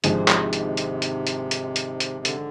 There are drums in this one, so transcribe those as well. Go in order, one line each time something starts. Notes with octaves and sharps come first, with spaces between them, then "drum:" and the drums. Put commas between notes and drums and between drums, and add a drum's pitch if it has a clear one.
G#1 G#2 C3 F3 G#3 D4, drum: hi-hat
drum: clap
drum: hi-hat
drum: hi-hat
drum: hi-hat
drum: hi-hat
drum: hi-hat
drum: hi-hat
drum: hi-hat
D3, drum: hi-hat